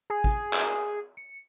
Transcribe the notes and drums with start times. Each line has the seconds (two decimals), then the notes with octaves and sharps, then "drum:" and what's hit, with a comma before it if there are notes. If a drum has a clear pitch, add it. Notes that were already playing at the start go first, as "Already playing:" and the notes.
0.10 G#4
0.24 drum: kick
0.53 drum: clap
1.17 C#7